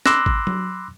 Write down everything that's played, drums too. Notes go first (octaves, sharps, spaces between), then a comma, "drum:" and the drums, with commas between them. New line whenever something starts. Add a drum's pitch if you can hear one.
B5 C6 D6 E6 F#6 A#6, drum: snare C#4
drum: kick G#1
drum: tom F#3